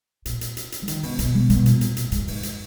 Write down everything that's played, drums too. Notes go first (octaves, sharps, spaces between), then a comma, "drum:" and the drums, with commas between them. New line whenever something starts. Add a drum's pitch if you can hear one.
A#2, drum: hi-hat
drum: hi-hat
drum: hi-hat
drum: hi-hat
E3
D#3, drum: hi-hat
B2, drum: open hi-hat
B2, drum: hi-hat
B2
B2, drum: hi-hat
A#2, drum: hi-hat
drum: hi-hat
drum: hi-hat
G#2, drum: hi-hat
G#2, drum: open hi-hat
drum: hi-hat